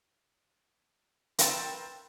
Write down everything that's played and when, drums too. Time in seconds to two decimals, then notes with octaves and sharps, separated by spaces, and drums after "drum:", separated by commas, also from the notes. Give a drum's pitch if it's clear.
1.39 A#4 B4 G5 C6 E6 A6, drum: hi-hat